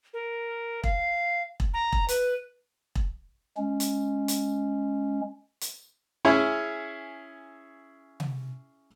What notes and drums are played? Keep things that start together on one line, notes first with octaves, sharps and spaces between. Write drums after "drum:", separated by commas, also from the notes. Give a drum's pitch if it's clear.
A#4
F5, drum: kick E1
drum: kick E1
A#5
drum: kick E1
B4, drum: hi-hat
drum: kick E1
G#3 C#4
drum: hi-hat
drum: hi-hat
drum: hi-hat
C#4 E4 G#4 C#5
drum: tom C3